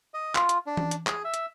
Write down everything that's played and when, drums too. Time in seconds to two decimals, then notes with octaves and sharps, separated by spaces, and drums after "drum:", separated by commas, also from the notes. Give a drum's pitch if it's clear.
0.14 D#5
0.35 F4, drum: clap
0.49 drum: hi-hat
0.67 D4
0.77 drum: tom E3
0.91 drum: hi-hat
1.07 G#4, drum: clap
1.24 E5
1.34 drum: hi-hat